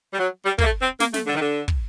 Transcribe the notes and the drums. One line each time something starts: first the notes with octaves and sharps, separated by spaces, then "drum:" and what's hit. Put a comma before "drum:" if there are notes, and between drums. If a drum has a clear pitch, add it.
G3
F#3
G3
A#3, drum: kick
A3
C4
A#3, drum: snare
A3, drum: snare
D3
D#3
D3
drum: kick